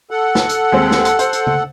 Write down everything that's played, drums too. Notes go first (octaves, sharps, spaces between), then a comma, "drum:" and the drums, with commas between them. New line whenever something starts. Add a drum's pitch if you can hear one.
A4 F#5
drum: snare
drum: hi-hat
D#2 G#3 C4
drum: snare
drum: hi-hat
C5, drum: hi-hat
drum: hi-hat
drum: tom C#3